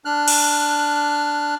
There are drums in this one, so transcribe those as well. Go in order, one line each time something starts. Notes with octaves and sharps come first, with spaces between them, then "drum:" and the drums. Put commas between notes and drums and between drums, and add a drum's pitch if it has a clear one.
D4 F6 F#6
drum: cymbal